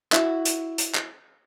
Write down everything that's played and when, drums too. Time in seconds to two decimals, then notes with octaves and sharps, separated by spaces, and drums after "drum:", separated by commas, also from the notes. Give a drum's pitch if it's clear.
0.12 E4 F#4, drum: clap
0.45 drum: hi-hat
0.78 drum: hi-hat
0.95 drum: clap